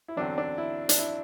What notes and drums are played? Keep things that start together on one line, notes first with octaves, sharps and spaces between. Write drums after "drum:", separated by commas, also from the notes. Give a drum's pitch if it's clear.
E4
E2 D3 F#3 C4 D4
D4
E4
D4, drum: hi-hat
E4